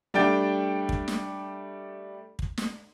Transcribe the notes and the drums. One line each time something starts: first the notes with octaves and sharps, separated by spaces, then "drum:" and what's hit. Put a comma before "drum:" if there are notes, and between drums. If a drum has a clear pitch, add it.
G3 A3 D4 G5 A6
drum: kick
drum: snare
drum: kick
drum: snare